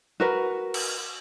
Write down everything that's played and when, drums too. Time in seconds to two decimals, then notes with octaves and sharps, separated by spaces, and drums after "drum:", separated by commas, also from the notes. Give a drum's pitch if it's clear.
0.20 F#4 A#4 B4
0.74 drum: cymbal